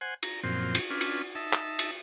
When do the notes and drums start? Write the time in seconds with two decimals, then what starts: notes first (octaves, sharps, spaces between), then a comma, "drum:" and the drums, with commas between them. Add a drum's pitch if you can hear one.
0.01 C5 F#5 G#5
0.23 A#5, drum: cymbal
0.44 F#2 A#2 F3 C4 C5
0.75 drum: cymbal
0.90 C#4 D4 F4 B4
1.01 drum: cymbal
1.35 D#4 E5 A5
1.53 drum: clap
1.79 drum: cymbal